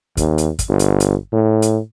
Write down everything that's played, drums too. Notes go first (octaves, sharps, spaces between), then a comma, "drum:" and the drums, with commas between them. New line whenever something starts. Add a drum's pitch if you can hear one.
D#2, drum: kick, hi-hat
drum: hi-hat
drum: kick, hi-hat
G1
drum: hi-hat
drum: hi-hat
A2
drum: hi-hat